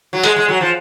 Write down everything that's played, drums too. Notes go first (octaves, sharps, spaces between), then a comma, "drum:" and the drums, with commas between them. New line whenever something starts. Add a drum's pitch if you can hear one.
F#3
G#3, drum: hi-hat
G#3
F#3
F3